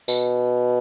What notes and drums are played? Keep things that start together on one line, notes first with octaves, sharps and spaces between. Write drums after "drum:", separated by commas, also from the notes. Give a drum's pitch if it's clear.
B2, drum: tambourine